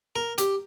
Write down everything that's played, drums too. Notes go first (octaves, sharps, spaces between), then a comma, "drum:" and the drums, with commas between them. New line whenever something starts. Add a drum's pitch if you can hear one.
A#4
G4, drum: hi-hat